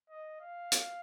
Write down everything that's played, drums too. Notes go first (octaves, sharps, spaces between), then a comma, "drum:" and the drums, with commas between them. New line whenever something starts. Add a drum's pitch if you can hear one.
D#5
F5
drum: hi-hat